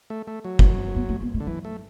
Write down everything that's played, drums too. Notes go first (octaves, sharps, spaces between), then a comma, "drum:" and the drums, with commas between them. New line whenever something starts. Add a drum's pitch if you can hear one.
A3
A3
F#3
drum: kick
B3
A3
B3
A3
D3
E3 F#3
A3